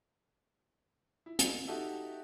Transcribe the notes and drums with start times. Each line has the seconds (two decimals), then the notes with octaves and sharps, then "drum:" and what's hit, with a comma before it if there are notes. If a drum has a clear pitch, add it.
1.26 E4
1.39 drum: hi-hat
1.68 D#4 F#4 G4 A4 E5